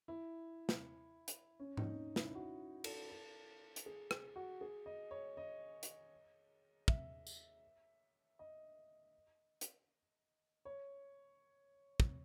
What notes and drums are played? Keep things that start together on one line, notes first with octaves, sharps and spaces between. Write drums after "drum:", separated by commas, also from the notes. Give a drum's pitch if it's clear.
E4
drum: snare
drum: hi-hat
C#4
D#4, drum: tom G#2
E4, drum: snare
F#4
A4, drum: cymbal
A4
drum: hi-hat
G#4
G#4, drum: rim click
F#4
G#4
D#5
C#5
D#5
drum: hi-hat
E5, drum: kick
drum: tambourine
D#5
drum: hi-hat
C#5
drum: kick